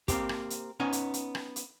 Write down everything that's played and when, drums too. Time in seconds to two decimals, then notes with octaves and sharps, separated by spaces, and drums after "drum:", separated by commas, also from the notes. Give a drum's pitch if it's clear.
0.08 A#3 C4 G4, drum: kick, hi-hat
0.29 drum: rim click
0.50 drum: hi-hat
0.80 B3 C#4 D#4 G#5
0.93 drum: hi-hat
1.14 drum: hi-hat
1.35 drum: rim click
1.56 drum: hi-hat